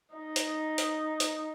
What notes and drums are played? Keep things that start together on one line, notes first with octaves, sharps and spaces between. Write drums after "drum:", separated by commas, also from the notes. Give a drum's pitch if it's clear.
D#4
drum: hi-hat
drum: hi-hat
drum: hi-hat